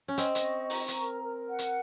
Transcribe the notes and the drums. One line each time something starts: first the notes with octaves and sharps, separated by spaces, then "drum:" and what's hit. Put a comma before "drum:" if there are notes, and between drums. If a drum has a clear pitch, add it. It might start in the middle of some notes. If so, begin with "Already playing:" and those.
C#4
C4 D#5, drum: hi-hat
drum: hi-hat
C#6
A#5, drum: open hi-hat
drum: hi-hat
A#4
A#4
F#5
drum: hi-hat